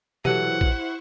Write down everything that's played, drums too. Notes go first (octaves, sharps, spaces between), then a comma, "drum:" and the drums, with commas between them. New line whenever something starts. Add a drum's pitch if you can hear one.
E3 F#3 E4 G4 A4 C5 F#5 C#6, drum: tom B2
drum: kick